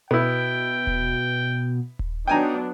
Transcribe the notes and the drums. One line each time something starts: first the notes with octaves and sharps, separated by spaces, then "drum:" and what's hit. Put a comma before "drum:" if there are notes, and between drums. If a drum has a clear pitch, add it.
B2 B3 E4 G5
drum: kick D#1
drum: kick D#1
F#3 B3 D4 D#4 G5 G#5 A#5